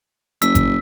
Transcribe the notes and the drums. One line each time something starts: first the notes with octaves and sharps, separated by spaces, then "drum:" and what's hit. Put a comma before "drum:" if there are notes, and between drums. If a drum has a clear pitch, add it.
F#1 E6 B6, drum: hi-hat
drum: kick G#1, hi-hat